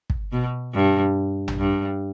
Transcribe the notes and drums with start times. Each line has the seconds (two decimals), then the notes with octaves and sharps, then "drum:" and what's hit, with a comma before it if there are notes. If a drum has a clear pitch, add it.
0.10 drum: kick
0.32 B2
0.74 G2
1.48 drum: tom A#1
1.58 G2